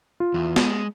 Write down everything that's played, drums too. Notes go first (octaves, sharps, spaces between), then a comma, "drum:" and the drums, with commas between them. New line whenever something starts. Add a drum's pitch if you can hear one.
F4
E2
G#3, drum: snare